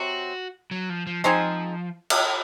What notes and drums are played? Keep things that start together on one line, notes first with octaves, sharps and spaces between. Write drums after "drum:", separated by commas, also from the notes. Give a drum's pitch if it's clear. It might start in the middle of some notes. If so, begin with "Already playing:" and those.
Already playing: C3 F#3 C4 F#4
F#3
F3
F3
F3 G#3 C4 D#4 G#4
drum: cymbal